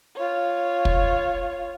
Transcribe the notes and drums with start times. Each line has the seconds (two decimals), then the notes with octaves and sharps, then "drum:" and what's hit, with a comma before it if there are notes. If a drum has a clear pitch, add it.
0.17 F4 C#5
0.85 drum: kick